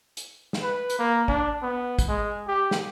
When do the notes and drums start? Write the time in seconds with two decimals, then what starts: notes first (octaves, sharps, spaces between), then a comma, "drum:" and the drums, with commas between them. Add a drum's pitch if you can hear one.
0.17 drum: hi-hat
0.53 drum: snare
0.63 B4
0.90 drum: hi-hat
0.99 A#3
1.28 D4, drum: kick
1.62 B3
1.99 drum: kick, hi-hat
2.08 G#3
2.48 G4
2.71 drum: snare